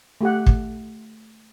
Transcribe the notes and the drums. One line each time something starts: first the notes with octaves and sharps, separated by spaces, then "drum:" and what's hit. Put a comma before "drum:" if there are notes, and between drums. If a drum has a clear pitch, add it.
A3 G4 F#5
drum: kick